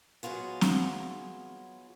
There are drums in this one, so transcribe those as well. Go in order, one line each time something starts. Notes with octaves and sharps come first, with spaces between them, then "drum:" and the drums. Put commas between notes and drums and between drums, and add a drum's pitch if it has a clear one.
F#3 G#3 B3 F4 G#4
drum: snare C4